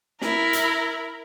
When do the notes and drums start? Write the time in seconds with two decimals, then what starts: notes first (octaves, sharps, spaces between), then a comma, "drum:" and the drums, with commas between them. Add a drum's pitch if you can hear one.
0.22 E4 A#4, drum: snare
0.53 drum: hi-hat